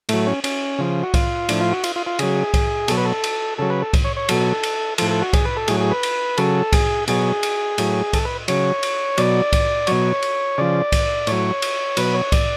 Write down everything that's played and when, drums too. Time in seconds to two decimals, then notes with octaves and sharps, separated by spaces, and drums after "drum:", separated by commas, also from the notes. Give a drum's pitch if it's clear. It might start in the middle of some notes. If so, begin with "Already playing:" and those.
0.09 A2 F#3 A3, drum: cymbal
0.27 C#4
0.44 C#4, drum: cymbal
0.79 C#3 F3
1.03 F#4
1.14 F4, drum: kick C2, cymbal
1.49 A2 F3 D4, drum: cymbal
1.61 F4
1.72 F#4
1.84 F4, drum: cymbal
1.96 F4
2.07 F4
2.19 C#3 F#3 G#4, drum: cymbal
2.54 drum: kick C2, cymbal
2.88 B2 F#3 A4, drum: cymbal
2.97 B4
3.05 A4
3.24 drum: cymbal
3.58 C#3 F#3 A4
3.70 B4
3.82 A4
3.93 drum: kick C2, cymbal
4.05 C#5
4.16 C#5
4.29 B2 F#3 A4, drum: cymbal
4.63 drum: cymbal
4.98 A2 F3 A4, drum: cymbal
5.11 A4
5.22 F#4
5.33 G#4, drum: kick C2, cymbal
5.45 B4
5.57 A4
5.68 A2 F#3 G#4, drum: cymbal
5.80 G#4
5.91 B4
6.03 drum: cymbal
6.37 C#3 F#3 A4, drum: cymbal
6.73 G#4, drum: kick C2, cymbal
7.08 B2 F#3 G#4, drum: cymbal
7.43 drum: cymbal
7.78 A2 F#3, drum: cymbal
8.13 A4, drum: kick C2, cymbal
8.25 B4
8.48 C#3 F#3 C#5, drum: cymbal
8.83 drum: cymbal
9.18 B2 F#3 D5, drum: cymbal
9.53 drum: kick C2, cymbal
9.87 B2 F#3 C#5, drum: cymbal
10.22 drum: cymbal
10.58 C#3 F3 D5
10.92 drum: kick C2, cymbal
11.27 A2 F#3 C#5, drum: cymbal
11.62 drum: cymbal
11.97 B2 F#3 B4, drum: cymbal
12.14 C#5
12.32 D5, drum: kick C2, cymbal